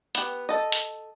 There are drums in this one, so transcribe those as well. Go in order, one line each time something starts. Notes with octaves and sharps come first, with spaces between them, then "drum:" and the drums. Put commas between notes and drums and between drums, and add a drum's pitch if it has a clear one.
B3 G4, drum: hi-hat
A4 D#5
drum: hi-hat